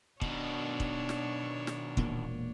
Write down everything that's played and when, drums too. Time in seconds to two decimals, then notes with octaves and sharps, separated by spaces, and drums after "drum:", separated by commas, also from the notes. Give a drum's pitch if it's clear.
0.21 B2 D#3 D4 C#5, drum: kick
0.80 drum: kick
1.09 drum: snare
1.67 drum: snare
1.97 E1 A#2 A#3, drum: kick